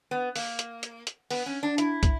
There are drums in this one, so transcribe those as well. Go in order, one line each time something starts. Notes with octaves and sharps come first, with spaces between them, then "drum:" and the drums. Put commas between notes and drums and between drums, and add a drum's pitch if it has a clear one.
B3
A#3, drum: open hi-hat
drum: hi-hat
drum: hi-hat
drum: hi-hat
B3, drum: open hi-hat
C#4
D4
E4, drum: hi-hat
drum: kick, hi-hat